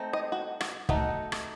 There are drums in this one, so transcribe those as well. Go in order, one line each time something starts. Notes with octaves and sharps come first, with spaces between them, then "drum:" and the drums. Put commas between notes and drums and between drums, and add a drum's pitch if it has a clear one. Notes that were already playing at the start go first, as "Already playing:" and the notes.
Already playing: A3 C4 D#4
D#5
F#4
F#4, drum: rim click
A3 D#4 F#4, drum: kick
drum: rim click